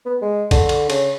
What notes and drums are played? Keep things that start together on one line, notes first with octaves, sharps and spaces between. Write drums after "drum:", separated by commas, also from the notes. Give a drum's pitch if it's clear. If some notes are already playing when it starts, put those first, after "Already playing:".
B3
G#3
D3, drum: kick, cymbal
drum: cymbal
C#3, drum: cymbal